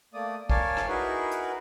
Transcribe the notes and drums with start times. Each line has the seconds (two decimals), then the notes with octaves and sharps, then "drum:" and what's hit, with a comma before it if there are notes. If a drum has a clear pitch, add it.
0.14 A3 A#3 D5 D#6
0.50 A#4 C#5 D5 F5 G#5 A5, drum: kick
0.77 drum: rim click
0.88 D#4 E4 F#4 G#4 A#4 B4
1.31 drum: hi-hat